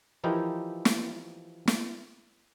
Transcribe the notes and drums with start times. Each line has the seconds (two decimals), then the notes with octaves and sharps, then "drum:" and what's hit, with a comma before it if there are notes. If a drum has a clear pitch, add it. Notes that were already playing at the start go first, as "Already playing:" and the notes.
0.24 E3 F3 D#4 E4 G4 A#4
0.85 drum: snare
1.67 drum: snare